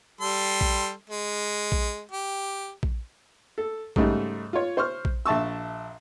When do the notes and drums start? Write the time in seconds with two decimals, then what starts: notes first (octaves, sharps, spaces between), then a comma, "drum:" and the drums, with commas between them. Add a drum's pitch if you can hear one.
0.21 G3 A4 C6
0.61 drum: kick A#1
1.10 G#3
1.72 drum: kick A#1
2.12 G4
2.83 drum: kick A#1
3.58 A4
3.96 G#2 C#3 G3 A3 D#4, drum: kick A#1
4.53 F4 C#5
4.77 C5 C6 C#6 F6
5.05 drum: kick A#1
5.26 A#1 E5 A5 C#6 E6